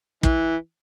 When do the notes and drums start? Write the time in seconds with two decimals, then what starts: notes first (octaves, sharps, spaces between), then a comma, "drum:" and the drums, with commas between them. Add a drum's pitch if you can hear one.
0.23 E3, drum: kick